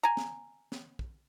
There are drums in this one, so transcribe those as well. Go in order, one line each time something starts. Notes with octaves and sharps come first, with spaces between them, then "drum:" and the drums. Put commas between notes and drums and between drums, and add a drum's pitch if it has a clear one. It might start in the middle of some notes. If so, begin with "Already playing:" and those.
G#5 A#5
drum: snare
drum: snare
drum: kick